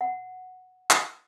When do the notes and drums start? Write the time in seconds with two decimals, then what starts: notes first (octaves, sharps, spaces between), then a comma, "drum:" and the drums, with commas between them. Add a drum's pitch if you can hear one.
0.01 F#5
0.90 drum: clap